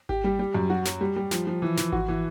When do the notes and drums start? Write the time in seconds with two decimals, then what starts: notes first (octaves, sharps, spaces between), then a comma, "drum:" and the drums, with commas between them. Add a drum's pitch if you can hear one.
0.09 G4, drum: kick G#1
0.24 G3
0.39 G3
0.55 F#2
0.70 F#4
0.86 F#3, drum: snare
1.01 G3
1.16 G3
1.31 F3, drum: snare
1.47 F3
1.62 E3
1.78 E3, drum: snare
1.92 F#4, drum: kick G#1
2.08 E3